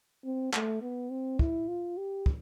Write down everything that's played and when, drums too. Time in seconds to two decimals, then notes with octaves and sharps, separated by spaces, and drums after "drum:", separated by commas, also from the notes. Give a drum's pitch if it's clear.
0.25 C4
0.53 A3, drum: clap
0.82 B3
1.11 C4
1.39 E4, drum: kick
1.68 F4
1.97 G4
2.26 drum: kick